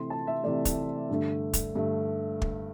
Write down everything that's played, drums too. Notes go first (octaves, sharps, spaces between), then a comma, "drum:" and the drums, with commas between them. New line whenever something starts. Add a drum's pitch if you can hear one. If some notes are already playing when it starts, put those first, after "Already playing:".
Already playing: C3 E3 A3 C6
A5
E5
C3 E3 A3 D5
drum: kick, hi-hat
G2 D3 A3
drum: kick, hi-hat
G2 D3 A3
drum: kick